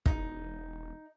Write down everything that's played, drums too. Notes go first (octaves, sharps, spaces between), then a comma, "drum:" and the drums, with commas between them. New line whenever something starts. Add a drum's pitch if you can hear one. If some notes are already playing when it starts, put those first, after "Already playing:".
E1 D#4, drum: kick